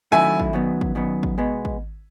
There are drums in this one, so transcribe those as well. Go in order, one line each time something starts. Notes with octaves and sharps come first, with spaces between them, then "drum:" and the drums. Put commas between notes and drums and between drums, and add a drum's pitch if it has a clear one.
D#3 F#3 A3 C#4 E4 E5 G#5
drum: kick
F#2 D#3 F#3 B3
drum: kick
F#2 D#3 F#3 B3
drum: kick
B2 G#3 B3
drum: kick